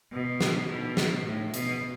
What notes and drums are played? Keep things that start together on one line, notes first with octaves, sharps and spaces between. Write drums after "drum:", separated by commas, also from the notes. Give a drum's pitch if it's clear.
B2
drum: snare
B2
drum: snare
A2
B2, drum: hi-hat